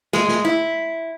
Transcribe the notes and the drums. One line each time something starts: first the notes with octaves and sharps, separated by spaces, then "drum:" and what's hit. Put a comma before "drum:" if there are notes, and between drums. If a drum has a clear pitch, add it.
G#3, drum: snare
drum: snare
E4